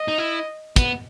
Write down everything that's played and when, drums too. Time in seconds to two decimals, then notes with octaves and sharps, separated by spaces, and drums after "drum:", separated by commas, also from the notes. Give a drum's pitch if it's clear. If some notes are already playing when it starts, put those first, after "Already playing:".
Already playing: D#5
0.08 D#4
0.18 E4
0.76 B3, drum: kick, hi-hat